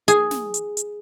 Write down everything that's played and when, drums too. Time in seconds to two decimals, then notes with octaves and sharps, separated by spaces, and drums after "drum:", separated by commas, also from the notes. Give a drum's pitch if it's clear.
0.08 G#4, drum: hi-hat
0.31 drum: snare
0.54 drum: hi-hat
0.77 drum: hi-hat